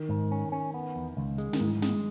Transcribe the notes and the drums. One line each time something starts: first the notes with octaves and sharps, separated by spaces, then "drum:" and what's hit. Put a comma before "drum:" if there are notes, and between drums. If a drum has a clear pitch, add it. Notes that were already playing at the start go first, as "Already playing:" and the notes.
Already playing: D#3
G#2
C#4
C#4
B3
E2
C#2
G#3, drum: hi-hat
D#3, drum: snare
G#2 E3
G#3, drum: snare